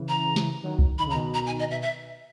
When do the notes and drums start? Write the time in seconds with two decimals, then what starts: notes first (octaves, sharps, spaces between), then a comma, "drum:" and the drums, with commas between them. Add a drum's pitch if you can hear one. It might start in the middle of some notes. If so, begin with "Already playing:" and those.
Already playing: C#3 E3
0.09 A#5
0.36 drum: snare
0.63 D#3 F#3
0.79 drum: kick C2
0.99 D#3 B5
1.06 C#3
1.11 A#5
1.13 B2 D#3
1.34 A#5
1.47 G#5
1.59 D#5
1.70 B2 E5
1.82 E5